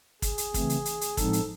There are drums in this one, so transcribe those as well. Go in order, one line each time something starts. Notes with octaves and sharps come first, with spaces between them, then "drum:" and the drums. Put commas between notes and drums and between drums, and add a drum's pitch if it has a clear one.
G#4, drum: kick, hi-hat
drum: hi-hat
C#3 E3 A3 C4, drum: kick, hi-hat
drum: hi-hat
drum: hi-hat
drum: hi-hat
A2 F3 G#3 C4 D#4 A4, drum: kick, hi-hat
drum: hi-hat